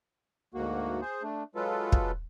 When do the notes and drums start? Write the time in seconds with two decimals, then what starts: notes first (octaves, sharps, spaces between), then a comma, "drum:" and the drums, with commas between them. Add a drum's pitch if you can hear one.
0.54 D2 G#2 A#3 F#4
1.01 G#4 C5
1.23 A3 D4
1.55 F#3 G#3 F4 A4 B4
1.92 drum: kick